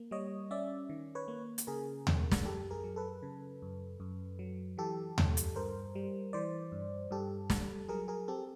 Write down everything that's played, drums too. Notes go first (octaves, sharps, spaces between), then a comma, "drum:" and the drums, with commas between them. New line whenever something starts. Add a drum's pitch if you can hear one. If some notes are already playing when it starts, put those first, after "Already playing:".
Already playing: A#3
G3 C#5 D#5
C#4 D5 E5
D#3
B4 C#5
A#3
drum: hi-hat
C#3 G#4 A#4
F#2, drum: tom D#2
drum: snare
F#2 G4 A4
G#4 A#4
F#3
A4 B4
C#3
F#2
F#2
F#3
E3 G4 A4
G2, drum: tom D#2
drum: hi-hat
G2 A#4 C5
G3
E3 C5 D5
G2
G2 G4 A4
G3, drum: snare
F#3 G#4 A#4
G#4 A#4
C4 G4 A4